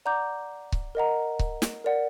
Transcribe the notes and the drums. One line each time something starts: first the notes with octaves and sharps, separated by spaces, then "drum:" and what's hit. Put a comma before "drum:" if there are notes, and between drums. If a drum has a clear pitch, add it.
D5 F#5 A#5 D6 G6
drum: kick C#1
A#4 D#5 F#5 A#5
drum: kick C#1
drum: snare
A#4 D5 F#5